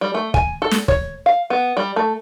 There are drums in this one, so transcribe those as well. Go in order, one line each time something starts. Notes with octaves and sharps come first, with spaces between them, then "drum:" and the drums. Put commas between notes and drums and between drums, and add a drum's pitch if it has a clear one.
G3
A3
G#5, drum: kick
A4
drum: snare
C#5, drum: kick
F5
B3
G3
A3